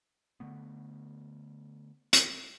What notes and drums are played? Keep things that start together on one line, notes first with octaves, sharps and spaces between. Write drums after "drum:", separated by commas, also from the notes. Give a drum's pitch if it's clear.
D3 A3 B3
drum: hi-hat